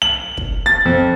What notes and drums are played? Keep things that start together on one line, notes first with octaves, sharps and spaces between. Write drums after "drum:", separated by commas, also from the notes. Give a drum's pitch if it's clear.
F#7
drum: kick
A6
F2